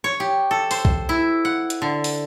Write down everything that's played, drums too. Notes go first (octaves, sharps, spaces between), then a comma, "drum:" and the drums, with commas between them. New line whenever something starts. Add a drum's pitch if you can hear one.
C#5
G4
A4
C5, drum: open hi-hat
drum: kick B1
E4
F#5
drum: hi-hat
D3
drum: open hi-hat